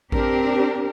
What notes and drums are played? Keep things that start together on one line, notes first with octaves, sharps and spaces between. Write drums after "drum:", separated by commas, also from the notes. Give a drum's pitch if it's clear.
C4 D4 G4 A#4, drum: kick A1